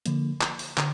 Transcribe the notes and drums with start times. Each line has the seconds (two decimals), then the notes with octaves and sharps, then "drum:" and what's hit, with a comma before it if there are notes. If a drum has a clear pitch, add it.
0.06 D3 F3 A#3, drum: hi-hat
0.41 drum: clap
0.59 drum: open hi-hat
0.77 D3, drum: clap